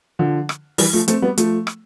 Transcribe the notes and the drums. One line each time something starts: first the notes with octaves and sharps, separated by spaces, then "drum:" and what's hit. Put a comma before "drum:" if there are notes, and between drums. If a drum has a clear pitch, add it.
D3 F3
drum: rim click
E3 G3, drum: open hi-hat
F3 A3
A3 C4, drum: hi-hat
G3 B3
F3 A3, drum: hi-hat
drum: rim click